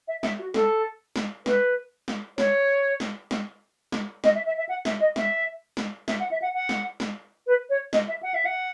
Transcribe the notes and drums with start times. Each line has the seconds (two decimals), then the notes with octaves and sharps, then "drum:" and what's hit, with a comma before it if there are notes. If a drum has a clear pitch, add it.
0.08 E5
0.23 E5, drum: snare
0.39 F#4
0.54 A4, drum: snare
1.16 drum: snare
1.46 B4, drum: snare
2.08 drum: snare
2.38 C#5, drum: snare
3.00 drum: snare
3.31 drum: snare
3.92 drum: snare
4.24 D#5, drum: snare
4.35 E5
4.46 E5
4.58 E5
4.69 F#5
4.85 E5, drum: snare
5.00 D#5
5.16 E5, drum: snare
5.77 drum: snare
6.08 E5, drum: snare
6.19 F#5
6.31 E5
6.42 F#5
6.54 F#5
6.69 drum: snare
7.00 drum: snare
7.46 B4
7.69 C#5
7.93 D#5, drum: snare
8.08 E5
8.23 F#5
8.34 E5
8.45 F#5